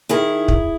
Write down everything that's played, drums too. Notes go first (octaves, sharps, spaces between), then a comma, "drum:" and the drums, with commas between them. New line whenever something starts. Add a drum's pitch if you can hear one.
D#3 E4 G#4
drum: kick